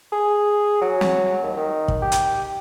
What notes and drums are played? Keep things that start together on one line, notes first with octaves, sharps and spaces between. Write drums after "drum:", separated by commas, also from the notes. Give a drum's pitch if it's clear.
G#4
F#3
drum: snare
D#2
D#3
drum: kick
G4
drum: hi-hat